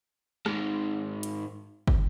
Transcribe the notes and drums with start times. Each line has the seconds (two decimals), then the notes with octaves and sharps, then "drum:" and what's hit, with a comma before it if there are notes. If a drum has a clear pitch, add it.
0.46 G#2 D#3, drum: rim click
1.23 drum: hi-hat
1.87 drum: kick